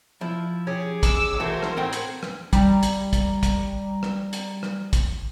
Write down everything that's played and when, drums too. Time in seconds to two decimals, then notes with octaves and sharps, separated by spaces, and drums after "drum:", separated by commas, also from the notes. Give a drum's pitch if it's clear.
0.21 F3 E4
0.67 C#4 G4 G#4
1.03 G#3 D6 E6, drum: kick, hi-hat
1.40 E3 A3 F#4 A#4 C5
1.63 drum: rim click
1.77 A2 C4 F#5 G5
1.93 drum: hi-hat
2.23 drum: rim click
2.53 G3 A#5, drum: kick, hi-hat
2.83 drum: hi-hat
3.13 drum: kick, hi-hat
3.43 drum: kick, hi-hat
4.03 drum: rim click
4.33 drum: hi-hat
4.63 drum: rim click
4.93 drum: kick, hi-hat